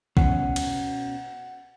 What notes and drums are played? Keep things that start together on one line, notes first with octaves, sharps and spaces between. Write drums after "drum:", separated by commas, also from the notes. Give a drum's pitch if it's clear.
B2 C#4 F#5, drum: kick
drum: cymbal